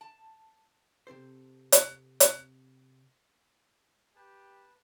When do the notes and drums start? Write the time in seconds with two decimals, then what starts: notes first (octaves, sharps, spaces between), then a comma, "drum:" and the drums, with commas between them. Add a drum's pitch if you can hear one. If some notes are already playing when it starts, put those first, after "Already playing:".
0.01 A5
1.07 C3 C4 A4 C5
1.72 drum: hi-hat
2.20 drum: hi-hat
4.16 G4 B4 A5